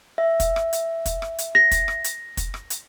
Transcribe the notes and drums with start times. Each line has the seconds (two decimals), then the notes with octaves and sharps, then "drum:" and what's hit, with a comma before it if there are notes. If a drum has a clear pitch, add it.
0.18 E5
0.40 drum: kick, hi-hat
0.56 drum: rim click
0.73 drum: hi-hat
1.06 drum: kick, hi-hat
1.22 drum: rim click
1.38 drum: hi-hat
1.55 A#6
1.71 drum: kick, hi-hat
1.88 drum: rim click
2.04 drum: hi-hat
2.37 drum: kick, hi-hat
2.54 drum: rim click
2.70 drum: hi-hat